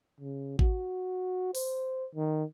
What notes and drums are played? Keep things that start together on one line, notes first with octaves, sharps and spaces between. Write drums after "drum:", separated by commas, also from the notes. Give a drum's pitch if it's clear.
C#3
F#4, drum: kick A1
C5, drum: open hi-hat
D#3